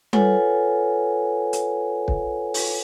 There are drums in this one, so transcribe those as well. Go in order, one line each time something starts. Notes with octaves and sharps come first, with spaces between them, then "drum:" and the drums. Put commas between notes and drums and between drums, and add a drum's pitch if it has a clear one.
F4 A4 B4 C#5 F#5 G#5, drum: tom G3
drum: hi-hat
drum: kick
drum: open hi-hat